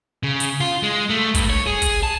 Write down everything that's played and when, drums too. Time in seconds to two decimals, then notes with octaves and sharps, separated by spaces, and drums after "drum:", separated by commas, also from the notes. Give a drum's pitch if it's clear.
0.23 C#3
0.40 drum: hi-hat
0.61 F4
0.83 G#3
1.10 A3
1.34 G2, drum: kick, hi-hat
1.50 C#5
1.67 G#4
1.82 drum: kick, hi-hat
2.03 A5